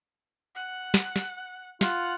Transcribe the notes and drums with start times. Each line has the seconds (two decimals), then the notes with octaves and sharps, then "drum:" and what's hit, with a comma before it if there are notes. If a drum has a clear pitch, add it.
0.55 F#5
0.94 drum: snare
1.16 drum: snare
1.81 F4 F#5, drum: snare